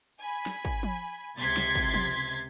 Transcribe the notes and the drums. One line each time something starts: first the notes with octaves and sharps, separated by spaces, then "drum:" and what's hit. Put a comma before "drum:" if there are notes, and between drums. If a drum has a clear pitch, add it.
G#5 B5
drum: snare
drum: kick
drum: tom F3
C#2 C3 C6 G#6 A6 B6
drum: snare
drum: kick
drum: tom F3